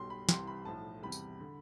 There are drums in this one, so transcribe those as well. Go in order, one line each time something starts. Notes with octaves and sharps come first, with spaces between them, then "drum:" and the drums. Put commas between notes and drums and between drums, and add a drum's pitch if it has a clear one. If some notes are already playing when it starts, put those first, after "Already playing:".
Already playing: B1 B2 G3 C6
B5
C2 C3 E3 G3 C6, drum: snare
B5
B1 A2 F3 A5
E2 C3 G3 B5
drum: tambourine
D3